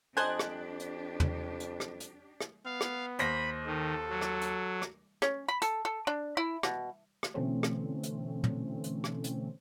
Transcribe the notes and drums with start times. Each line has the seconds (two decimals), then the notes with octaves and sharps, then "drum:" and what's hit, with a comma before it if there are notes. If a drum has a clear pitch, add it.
0.17 F2 D4 G4 C5 D#5 G#5 A5 F#6
0.39 drum: rim click
0.80 drum: hi-hat
1.20 drum: tom
1.60 drum: hi-hat
1.80 drum: rim click
2.00 drum: hi-hat
2.41 drum: rim click
2.65 B3 F5
2.81 drum: rim click
3.19 D#2 C5 B5 A#6, drum: hi-hat
3.66 D#3 A4
4.10 F#3
4.21 drum: rim click
4.42 drum: hi-hat
4.82 drum: rim click
5.22 C#4, drum: rim click
5.48 B5
5.62 A4, drum: hi-hat
5.85 A4
6.07 D4
6.37 E4
6.63 B2, drum: rim click
7.23 drum: rim click
7.34 B2 D3 E3 A3 C4 C#4
7.63 drum: rim click
8.03 drum: hi-hat
8.44 drum: tom
8.84 drum: hi-hat
9.04 drum: rim click
9.24 drum: hi-hat